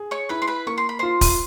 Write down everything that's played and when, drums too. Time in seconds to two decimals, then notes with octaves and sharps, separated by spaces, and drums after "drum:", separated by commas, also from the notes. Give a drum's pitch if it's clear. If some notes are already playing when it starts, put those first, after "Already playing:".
Already playing: G#4
0.11 C#5 C#6
0.29 E4 B4 B5
0.42 C6
0.47 B4 B5
0.67 A#3 C#6
0.78 C6
0.89 B5
0.99 F4 C5 C6
1.21 drum: kick, open hi-hat